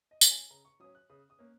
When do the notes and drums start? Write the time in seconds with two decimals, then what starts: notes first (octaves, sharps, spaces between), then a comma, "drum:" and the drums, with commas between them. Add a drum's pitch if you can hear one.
0.11 D#5
0.21 F#3 C#4, drum: tambourine
0.31 G#5
0.50 C#3 A#5
0.65 C#6
0.80 F#3 C#4 D#6
0.95 F#6
1.10 C#3 D#6
1.30 D#6
1.39 A#3 C#4